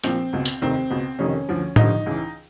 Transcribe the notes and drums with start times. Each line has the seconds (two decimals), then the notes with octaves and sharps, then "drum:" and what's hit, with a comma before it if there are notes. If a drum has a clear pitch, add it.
0.04 A#1 A#2 F3 C4, drum: hi-hat
0.33 C#2 B2
0.45 drum: tambourine
0.61 F1 D#2 D#3 C4
0.90 C#2 B2
1.19 F1 F2 C3 D#3 C#4
1.49 D2 D3 F3
1.76 G#1 G2 D3 F3 D#4, drum: tom A2
2.06 C#2 C#3 E3